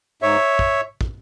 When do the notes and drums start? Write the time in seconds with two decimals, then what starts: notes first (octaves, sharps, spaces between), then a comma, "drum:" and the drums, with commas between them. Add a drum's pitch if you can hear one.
0.22 G#2 C#5 E5
0.59 drum: kick
1.01 drum: kick